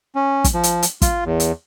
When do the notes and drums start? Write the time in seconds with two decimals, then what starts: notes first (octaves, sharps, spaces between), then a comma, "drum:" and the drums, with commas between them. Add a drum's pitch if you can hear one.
0.15 C#4
0.44 drum: kick, hi-hat
0.54 F3
0.63 drum: hi-hat
0.83 drum: hi-hat
1.02 F4, drum: kick, hi-hat
1.25 E2
1.40 drum: hi-hat